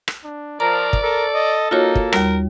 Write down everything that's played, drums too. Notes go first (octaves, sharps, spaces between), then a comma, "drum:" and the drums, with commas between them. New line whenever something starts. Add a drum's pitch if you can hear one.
drum: rim click
D4
F3 A#4 D5 A5 A#5
drum: kick
A4 A#4
D#5
A#3 D#4 F4 F#4 C#5
drum: kick
D#2 G3 A#4, drum: rim click